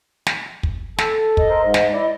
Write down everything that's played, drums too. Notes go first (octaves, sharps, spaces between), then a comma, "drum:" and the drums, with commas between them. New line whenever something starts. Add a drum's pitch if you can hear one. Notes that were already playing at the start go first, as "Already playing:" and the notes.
drum: snare
drum: kick
A4, drum: snare
D#5, drum: kick
A#4 C5
G#2
drum: snare
E4 D5